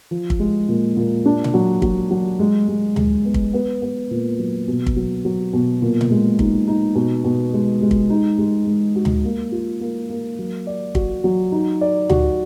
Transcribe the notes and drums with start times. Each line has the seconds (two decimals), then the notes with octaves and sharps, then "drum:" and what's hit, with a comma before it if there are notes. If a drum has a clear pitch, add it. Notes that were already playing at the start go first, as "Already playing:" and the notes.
0.11 F3
0.30 drum: kick
0.39 G#3
0.68 A#2
0.97 A#2
1.26 D4
1.44 drum: tom A#2
1.54 F#3
1.82 F#3, drum: kick
2.11 F#3
2.39 G#3
2.68 G#3
2.96 G#3, drum: tom D2
3.25 B3
3.34 drum: kick
3.54 B3
3.82 B3
4.11 A#2
4.39 F#3
4.68 B2
4.87 drum: kick
4.96 F#3
5.25 F#3
5.53 B2
5.82 A#2
6.01 drum: tom A#2
6.11 G#3
6.39 D#4, drum: kick
6.68 D#4
6.95 B2
7.24 B2
7.53 G#3
7.82 G#3
7.91 drum: kick
8.10 D#4
8.38 G#3
8.67 G#3
8.96 F#4
9.05 drum: tom D2
9.24 A#3
9.52 F4
9.81 A#3
10.10 A#3
10.39 F#3
10.67 D5
10.95 F#4, drum: kick
11.24 F#3
11.52 D#4
11.81 D5
12.09 F#4, drum: tom D2